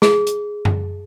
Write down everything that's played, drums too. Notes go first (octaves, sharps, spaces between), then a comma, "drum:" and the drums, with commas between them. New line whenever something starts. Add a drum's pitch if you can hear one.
G#4, drum: snare
drum: hi-hat
drum: tom F#2